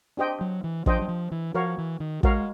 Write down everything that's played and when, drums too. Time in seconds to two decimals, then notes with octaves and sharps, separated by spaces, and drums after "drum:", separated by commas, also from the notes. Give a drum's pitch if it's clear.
0.17 D4 G4 C5 D#5 G5
0.41 F#3
0.64 E3
0.86 F3 D4 G4 C5 D#5 G5, drum: kick
1.01 F#3
1.08 F3
1.32 E3
1.54 F3 F#4 A#4 C#5 F5
1.78 E3
2.00 D#3
2.23 G#3 F#4 A#4 C#5 F5, drum: kick